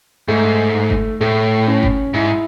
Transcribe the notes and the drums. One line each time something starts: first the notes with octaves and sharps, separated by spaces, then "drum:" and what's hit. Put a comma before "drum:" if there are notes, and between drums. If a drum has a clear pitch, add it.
G#2 A3
drum: kick G1
A2 A3
C#4
drum: kick G1
G#2 E4